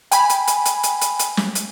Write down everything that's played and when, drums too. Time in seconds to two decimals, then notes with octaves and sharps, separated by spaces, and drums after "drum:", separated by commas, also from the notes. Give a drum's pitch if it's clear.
0.12 G5 G#5 B5, drum: hi-hat
0.29 drum: hi-hat
0.47 drum: hi-hat
0.65 drum: hi-hat
0.83 drum: hi-hat
1.01 drum: hi-hat
1.19 drum: hi-hat
1.37 drum: snare
1.55 drum: hi-hat